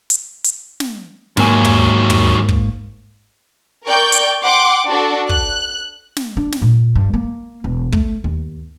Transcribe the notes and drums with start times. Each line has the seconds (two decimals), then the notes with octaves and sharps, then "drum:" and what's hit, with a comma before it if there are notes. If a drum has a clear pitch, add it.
0.10 drum: hi-hat
0.44 drum: hi-hat
0.80 drum: snare
1.37 D#2 G#2 F#3 A#3 G#5, drum: snare
1.65 drum: tom
2.10 drum: tom
2.49 drum: kick
3.86 A#4 D5 G5 C#6 G6
4.12 drum: hi-hat
4.43 F#5 G5 C6 D6
4.88 D4 F#4 A4
5.29 F#6, drum: kick
6.17 drum: snare
6.37 D4
6.52 drum: snare
6.62 A#2
6.96 G2
7.14 A#3
7.64 E1
7.92 A3, drum: kick
8.24 D#2